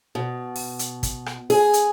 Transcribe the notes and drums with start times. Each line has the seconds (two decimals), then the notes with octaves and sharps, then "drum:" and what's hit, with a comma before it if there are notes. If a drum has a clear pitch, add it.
0.15 B2
0.56 drum: open hi-hat
0.79 drum: hi-hat
1.03 drum: kick, hi-hat
1.26 drum: rim click
1.50 G#4, drum: open hi-hat
1.73 drum: hi-hat